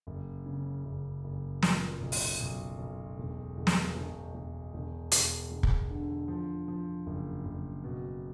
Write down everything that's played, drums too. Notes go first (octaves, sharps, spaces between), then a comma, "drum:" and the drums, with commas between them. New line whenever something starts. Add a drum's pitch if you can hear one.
F#1
C#3
F#1
F#1
A#2, drum: snare
B1
drum: open hi-hat
B1
B1
E1
E1
drum: snare
E1
E1
E1
E1, drum: hi-hat
E1
drum: kick
D3
F3
F3
F#1
F#1
B2